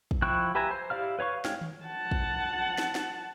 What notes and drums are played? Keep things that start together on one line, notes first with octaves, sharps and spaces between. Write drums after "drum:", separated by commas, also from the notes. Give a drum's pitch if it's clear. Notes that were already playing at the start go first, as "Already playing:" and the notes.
drum: kick
F3 E4 G5 C#6 F#6
G4 B4 E5 G#5 A#5
C5
E4 G4 D5 F5 F6
B4 C#5 F5 C#6
G#3 C#5 G5 F6, drum: snare
drum: tom D#3
F#5 A5
drum: kick
drum: snare
drum: snare